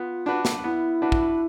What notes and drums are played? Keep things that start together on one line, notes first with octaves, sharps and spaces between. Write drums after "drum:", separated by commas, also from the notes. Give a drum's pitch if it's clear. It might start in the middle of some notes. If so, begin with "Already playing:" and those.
Already playing: B3 F4
D4 F#4 B4
drum: snare
B3 E4
D4 F#4 B4
drum: kick